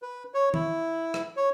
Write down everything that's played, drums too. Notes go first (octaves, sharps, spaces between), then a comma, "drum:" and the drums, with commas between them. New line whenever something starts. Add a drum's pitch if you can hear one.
B4
C#5
E4, drum: tom D#3
drum: rim click
C#5